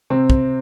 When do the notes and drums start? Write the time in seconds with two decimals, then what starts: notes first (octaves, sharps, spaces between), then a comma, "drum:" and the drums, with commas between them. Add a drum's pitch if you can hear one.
0.10 C3 C4
0.30 drum: kick